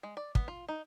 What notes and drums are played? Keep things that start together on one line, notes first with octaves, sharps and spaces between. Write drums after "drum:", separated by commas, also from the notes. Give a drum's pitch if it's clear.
G#3
D5
B3, drum: kick
F4
D#4